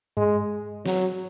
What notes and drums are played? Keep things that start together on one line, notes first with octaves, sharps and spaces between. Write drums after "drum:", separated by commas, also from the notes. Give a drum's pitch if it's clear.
G#3, drum: tom G2
F#3, drum: snare